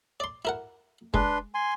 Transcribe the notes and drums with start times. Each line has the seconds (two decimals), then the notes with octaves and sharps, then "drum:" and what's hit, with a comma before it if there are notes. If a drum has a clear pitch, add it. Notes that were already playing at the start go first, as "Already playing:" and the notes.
0.20 D5 C6
0.45 E4 A#4 F#5
1.14 G#3 D4 B4 C6, drum: kick
1.54 G#5 C6